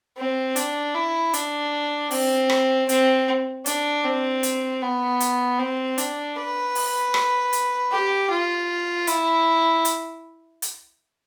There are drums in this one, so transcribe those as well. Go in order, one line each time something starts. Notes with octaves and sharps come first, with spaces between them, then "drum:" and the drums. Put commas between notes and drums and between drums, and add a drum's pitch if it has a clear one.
C4
D4, drum: hi-hat
E4
D4, drum: hi-hat
C4, drum: open hi-hat
drum: rim click
C4, drum: hi-hat
D4, drum: hi-hat
C4
drum: hi-hat
B3
drum: hi-hat
C4
D4, drum: hi-hat
B4
drum: open hi-hat
drum: rim click
drum: hi-hat
G4
F4
E4, drum: hi-hat
drum: hi-hat
drum: hi-hat